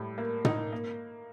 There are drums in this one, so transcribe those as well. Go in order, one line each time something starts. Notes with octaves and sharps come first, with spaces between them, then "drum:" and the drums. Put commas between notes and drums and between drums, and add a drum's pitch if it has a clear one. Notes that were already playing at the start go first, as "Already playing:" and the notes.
Already playing: A2 G3
A#3
D#4, drum: tom
A#3